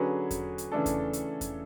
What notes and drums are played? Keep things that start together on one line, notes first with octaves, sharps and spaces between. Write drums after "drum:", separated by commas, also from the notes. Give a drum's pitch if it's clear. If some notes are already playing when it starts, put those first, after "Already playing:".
Already playing: D3 F#3 C#4 G#4 B4
drum: kick E2, hi-hat
drum: hi-hat
C#3 E3 A3 D4 A4
drum: kick E2, hi-hat
drum: hi-hat
drum: kick E2, hi-hat